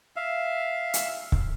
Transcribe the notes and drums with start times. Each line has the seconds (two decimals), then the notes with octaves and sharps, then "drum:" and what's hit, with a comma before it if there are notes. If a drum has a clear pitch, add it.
0.16 E5 F5
0.94 drum: hi-hat
1.32 drum: kick C#1